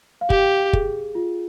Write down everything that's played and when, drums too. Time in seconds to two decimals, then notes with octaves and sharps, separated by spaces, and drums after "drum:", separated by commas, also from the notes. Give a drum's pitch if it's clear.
0.21 F5
0.30 G4 G5, drum: kick
0.73 G#4, drum: kick
1.15 F4